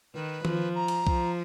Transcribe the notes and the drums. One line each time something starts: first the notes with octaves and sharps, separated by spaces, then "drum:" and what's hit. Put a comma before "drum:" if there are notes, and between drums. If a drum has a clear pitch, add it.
D#3 B4
F3, drum: tom D#3
A#5
drum: cymbal
F3, drum: kick B1